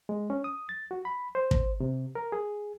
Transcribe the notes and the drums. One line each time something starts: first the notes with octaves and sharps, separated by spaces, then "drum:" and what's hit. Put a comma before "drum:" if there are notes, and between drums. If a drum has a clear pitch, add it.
G#3
C#4
D#6
A6
F#4
B5
C5
drum: kick
C3
A#4
G#4